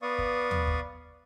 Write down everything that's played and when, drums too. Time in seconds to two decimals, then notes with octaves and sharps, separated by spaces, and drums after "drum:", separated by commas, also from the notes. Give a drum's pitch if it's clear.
0.02 B3 B4 D5 F5 C#6 D#6
0.18 drum: kick
0.51 drum: tom D#2
0.67 drum: kick